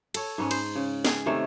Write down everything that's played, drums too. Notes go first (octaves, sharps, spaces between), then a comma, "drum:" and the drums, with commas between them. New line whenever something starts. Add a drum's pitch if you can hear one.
A4 C#5, drum: cymbal
G#2 B3 C#4
C5, drum: cymbal
C#3
G#4, drum: snare
C3 D#3 A3 C#5